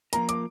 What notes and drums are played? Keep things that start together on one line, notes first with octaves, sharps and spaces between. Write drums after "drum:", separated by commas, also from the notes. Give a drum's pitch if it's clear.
F3 A#3 F4 A#4 A#5, drum: hi-hat
D6, drum: hi-hat